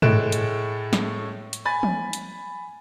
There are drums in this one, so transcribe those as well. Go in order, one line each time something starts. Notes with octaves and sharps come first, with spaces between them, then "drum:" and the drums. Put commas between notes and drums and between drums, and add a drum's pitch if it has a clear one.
A2 G#3 A3 F#6 D7 E7, drum: tom
drum: hi-hat
drum: snare
drum: hi-hat
G#5 B5 A6
drum: tom
drum: hi-hat